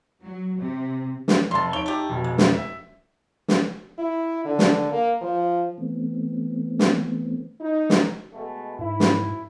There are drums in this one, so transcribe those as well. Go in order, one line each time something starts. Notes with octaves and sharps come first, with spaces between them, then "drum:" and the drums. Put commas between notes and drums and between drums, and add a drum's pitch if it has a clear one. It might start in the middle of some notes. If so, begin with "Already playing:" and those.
F#3
C3
drum: snare
F1 A5 C6
D#4 C#5 D7 G7
A3 G4
F1 B2
G#3
drum: snare
E5
drum: snare
E4
D3
drum: snare
A#3
F3
E3 A3 B3 C4
drum: snare
D#4
drum: snare
B2 G#3 A3
G#2 E4
drum: snare